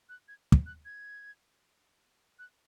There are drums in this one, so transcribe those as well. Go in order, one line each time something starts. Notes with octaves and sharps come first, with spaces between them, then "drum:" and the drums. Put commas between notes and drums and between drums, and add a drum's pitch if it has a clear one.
F#6
G#6
drum: kick
F#6
G#6
F#6